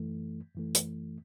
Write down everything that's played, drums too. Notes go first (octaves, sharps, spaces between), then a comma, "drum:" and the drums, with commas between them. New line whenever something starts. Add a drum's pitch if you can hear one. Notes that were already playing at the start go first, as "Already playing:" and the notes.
Already playing: F#2 E3 A3
F#2 E3 A3
drum: hi-hat